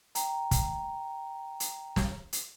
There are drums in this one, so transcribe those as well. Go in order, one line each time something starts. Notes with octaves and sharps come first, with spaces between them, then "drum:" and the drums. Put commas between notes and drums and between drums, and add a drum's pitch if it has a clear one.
G5 A#5, drum: hi-hat
drum: kick, hi-hat
drum: hi-hat
drum: snare
drum: hi-hat